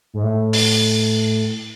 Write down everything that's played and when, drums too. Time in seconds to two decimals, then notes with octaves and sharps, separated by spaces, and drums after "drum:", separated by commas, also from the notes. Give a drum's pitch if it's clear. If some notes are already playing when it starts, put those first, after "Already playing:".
0.14 G#2
0.23 A2
0.53 drum: open hi-hat